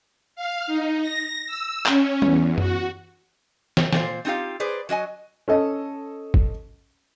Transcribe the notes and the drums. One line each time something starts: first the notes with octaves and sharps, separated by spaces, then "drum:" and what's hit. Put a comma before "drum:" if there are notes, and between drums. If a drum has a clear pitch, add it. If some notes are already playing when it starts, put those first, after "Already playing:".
F5
D#4
A#6
E6
C#4, drum: clap
E2, drum: tom
F#4, drum: tom F#2
drum: snare
A#2 C5, drum: snare
C4 D#4 F4 G4 F5
G#4 B4 C5 D5
F#3 F#4 D#5 G#5
C#4 A4 D#5
drum: kick